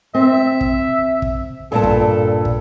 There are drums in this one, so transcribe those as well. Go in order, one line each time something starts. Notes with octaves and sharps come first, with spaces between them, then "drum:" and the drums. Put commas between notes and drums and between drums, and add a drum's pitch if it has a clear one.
C4 E5
drum: kick
drum: kick
G2 A#2 A4 A5
drum: kick
drum: kick